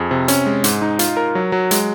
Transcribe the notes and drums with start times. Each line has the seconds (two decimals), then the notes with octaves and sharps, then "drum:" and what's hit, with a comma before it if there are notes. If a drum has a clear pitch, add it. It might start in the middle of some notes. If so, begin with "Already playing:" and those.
Already playing: F2 G#4
0.11 C3
0.28 C#4, drum: hi-hat
0.46 G#3
0.64 G#2, drum: hi-hat
0.82 D#4
0.99 F4, drum: hi-hat
1.17 A#4
1.35 F#3
1.52 F#3
1.71 G#3, drum: hi-hat